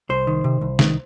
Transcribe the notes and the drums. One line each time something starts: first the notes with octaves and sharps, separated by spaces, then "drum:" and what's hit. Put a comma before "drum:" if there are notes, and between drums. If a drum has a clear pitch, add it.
C2 C5
D#3
C3
C2
D#3, drum: snare